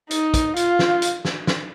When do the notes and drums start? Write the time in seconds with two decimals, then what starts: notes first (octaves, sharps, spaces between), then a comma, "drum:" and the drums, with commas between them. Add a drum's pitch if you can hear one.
0.11 D#4, drum: hi-hat
0.34 drum: kick, hi-hat
0.56 F4, drum: hi-hat
0.79 drum: snare
1.02 drum: hi-hat
1.25 drum: snare
1.47 drum: snare